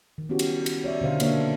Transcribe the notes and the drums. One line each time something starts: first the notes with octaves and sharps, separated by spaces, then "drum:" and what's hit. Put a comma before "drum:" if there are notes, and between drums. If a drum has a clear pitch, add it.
D#3
B3 C#4 E4 F#4 G4
drum: cymbal
drum: cymbal
C#5 D5 E5
B2 D3 C5 F5
D3 A#3 D4 C#5 E5 F5, drum: cymbal